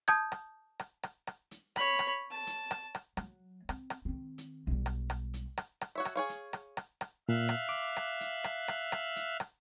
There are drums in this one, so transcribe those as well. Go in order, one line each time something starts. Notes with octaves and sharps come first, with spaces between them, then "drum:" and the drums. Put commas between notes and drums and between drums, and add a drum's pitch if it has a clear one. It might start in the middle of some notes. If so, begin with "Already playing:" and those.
A5 D#6 G6 G#6, drum: rim click
drum: rim click
drum: rim click
drum: rim click
drum: rim click
drum: hi-hat
C#5 B5, drum: rim click
drum: rim click
A5
drum: hi-hat
drum: rim click
drum: rim click
F#3, drum: rim click
C4, drum: rim click
drum: rim click
D#3 C4
drum: hi-hat
B1 G3
drum: rim click
drum: rim click
drum: hi-hat
drum: rim click
drum: rim click
F#4 C#5 E5
drum: rim click
G#4 C#5 F5
drum: hi-hat
drum: rim click
drum: rim click
drum: rim click
A#2 E5 F5 F#6
drum: rim click
D6
drum: rim click
drum: hi-hat
drum: rim click
drum: rim click
drum: rim click
drum: hi-hat
drum: rim click